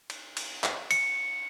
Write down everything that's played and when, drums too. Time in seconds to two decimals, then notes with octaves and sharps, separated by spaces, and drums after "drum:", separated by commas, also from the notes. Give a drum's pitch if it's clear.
0.10 drum: cymbal
0.37 drum: cymbal
0.64 drum: clap
0.91 C#7, drum: cymbal